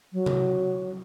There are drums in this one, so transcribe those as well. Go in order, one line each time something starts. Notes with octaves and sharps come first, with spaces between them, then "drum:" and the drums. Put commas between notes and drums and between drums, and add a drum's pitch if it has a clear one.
F#3
drum: tom C3